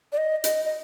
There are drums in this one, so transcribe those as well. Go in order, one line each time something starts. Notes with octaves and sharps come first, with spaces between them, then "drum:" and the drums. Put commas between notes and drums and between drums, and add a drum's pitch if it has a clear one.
D5
D#5
D#5, drum: hi-hat
D#5